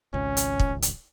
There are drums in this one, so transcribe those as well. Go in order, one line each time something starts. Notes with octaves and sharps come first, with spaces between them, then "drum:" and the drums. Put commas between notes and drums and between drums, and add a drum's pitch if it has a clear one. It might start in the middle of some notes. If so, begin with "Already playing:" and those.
G#1 C#2 C#4
drum: hi-hat
drum: kick
drum: hi-hat